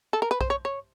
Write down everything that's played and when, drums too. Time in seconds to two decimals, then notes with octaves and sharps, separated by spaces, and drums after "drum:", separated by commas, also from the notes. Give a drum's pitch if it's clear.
0.13 A4
0.22 A#4
0.31 B4
0.41 C5, drum: kick B1
0.50 C#5
0.65 C#5